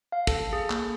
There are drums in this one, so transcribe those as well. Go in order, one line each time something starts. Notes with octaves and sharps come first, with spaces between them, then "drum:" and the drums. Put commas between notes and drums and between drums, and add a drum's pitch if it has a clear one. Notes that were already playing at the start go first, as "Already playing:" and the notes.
F5
A4, drum: kick, hi-hat
G#4
A#3, drum: clap